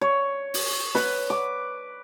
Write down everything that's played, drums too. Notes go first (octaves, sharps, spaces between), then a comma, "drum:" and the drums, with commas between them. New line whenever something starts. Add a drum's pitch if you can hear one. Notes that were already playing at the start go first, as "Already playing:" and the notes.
C#5
drum: open hi-hat
B4, drum: snare
D6